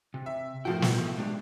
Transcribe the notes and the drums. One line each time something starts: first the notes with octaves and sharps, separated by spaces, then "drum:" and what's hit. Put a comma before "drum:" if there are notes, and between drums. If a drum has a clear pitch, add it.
C3
E5
A2 F3 F#4 A#4 G5
drum: snare
G#3 D4 G4